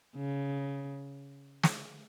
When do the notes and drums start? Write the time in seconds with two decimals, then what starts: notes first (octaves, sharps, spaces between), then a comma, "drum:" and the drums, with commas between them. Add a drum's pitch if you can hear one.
0.16 C#3
1.63 drum: snare